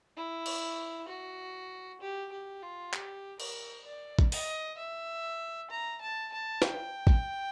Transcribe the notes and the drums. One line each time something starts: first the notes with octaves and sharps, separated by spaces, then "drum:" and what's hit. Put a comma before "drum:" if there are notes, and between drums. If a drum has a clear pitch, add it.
E4
drum: cymbal
F#4
G4
G4
F4
G4, drum: clap
A#4, drum: cymbal
D5
drum: kick
D#5, drum: open hi-hat
E5
A#5
A5
A5
G5, drum: snare
drum: kick